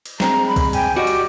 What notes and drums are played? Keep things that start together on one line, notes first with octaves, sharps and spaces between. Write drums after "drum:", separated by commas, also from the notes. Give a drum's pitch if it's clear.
drum: cymbal
G#3 C4 A#5, drum: snare
G3 B5
drum: kick, cymbal
G5 G#5, drum: cymbal
G3 F#4 D#5 D6
drum: cymbal